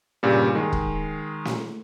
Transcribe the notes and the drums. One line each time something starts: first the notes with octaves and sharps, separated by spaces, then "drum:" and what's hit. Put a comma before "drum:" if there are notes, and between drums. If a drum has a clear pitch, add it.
G2 A#2 C#3 G3
D#3 G#3
drum: kick
drum: snare